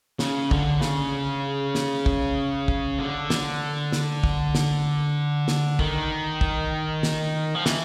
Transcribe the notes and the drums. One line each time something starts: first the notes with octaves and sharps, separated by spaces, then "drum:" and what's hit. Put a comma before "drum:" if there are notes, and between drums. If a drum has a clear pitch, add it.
C#3, drum: snare
D3, drum: kick
C#3, drum: snare
drum: snare
drum: kick
drum: kick
D3
drum: snare
drum: snare
drum: kick
drum: snare
drum: snare
D#3, drum: kick
drum: kick
drum: snare
F3
E3, drum: snare